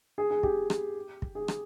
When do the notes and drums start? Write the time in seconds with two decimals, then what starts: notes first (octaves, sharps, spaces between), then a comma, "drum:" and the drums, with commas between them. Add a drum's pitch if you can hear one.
0.18 G#4
0.31 G#4
0.43 G4, drum: kick
0.70 drum: rim click
1.22 drum: kick
1.35 G#4
1.48 drum: rim click